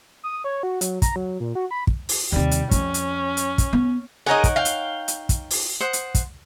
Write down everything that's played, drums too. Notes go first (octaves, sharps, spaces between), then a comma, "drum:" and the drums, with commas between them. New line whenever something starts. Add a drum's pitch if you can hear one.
D#6
C#5
F#4
F#3, drum: hi-hat
A#5, drum: kick, hi-hat
F#3
A#2
F#4
B5
drum: kick
drum: open hi-hat
D#2 C3 G3
drum: hi-hat
F2 C#4, drum: kick, hi-hat
drum: hi-hat
drum: hi-hat
drum: kick, hi-hat
B3
D#4 G#4 A#4 C#5 D#5 F#5
drum: kick, hi-hat
F5 G5
drum: hi-hat
drum: hi-hat
drum: kick, hi-hat
drum: open hi-hat
C5 F#5 D#6
drum: hi-hat
drum: kick, hi-hat